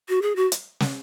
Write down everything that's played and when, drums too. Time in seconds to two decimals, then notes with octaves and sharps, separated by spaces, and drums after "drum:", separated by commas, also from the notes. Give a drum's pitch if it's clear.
0.09 F#4
0.22 G#4
0.36 F#4
0.52 drum: hi-hat
0.80 drum: snare